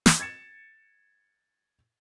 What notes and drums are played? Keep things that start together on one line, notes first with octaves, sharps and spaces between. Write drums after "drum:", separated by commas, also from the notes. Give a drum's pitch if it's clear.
drum: snare
G#6 A6 C#7 E7